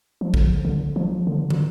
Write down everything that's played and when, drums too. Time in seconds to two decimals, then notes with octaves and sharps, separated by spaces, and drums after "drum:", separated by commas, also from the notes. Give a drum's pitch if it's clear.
0.21 F3
0.34 D3, drum: kick
0.65 D3
0.96 F3
1.27 D3
1.50 drum: tom